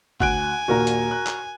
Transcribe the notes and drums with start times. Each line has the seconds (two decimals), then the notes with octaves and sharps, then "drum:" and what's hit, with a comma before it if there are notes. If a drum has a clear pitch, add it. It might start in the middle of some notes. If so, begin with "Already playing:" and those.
0.20 D2 F#5 G#5 F#6 D7, drum: kick
0.68 A#1 D#2 A#2 F#4 A#4 A#5
0.87 drum: hi-hat
1.11 F#6
1.26 drum: clap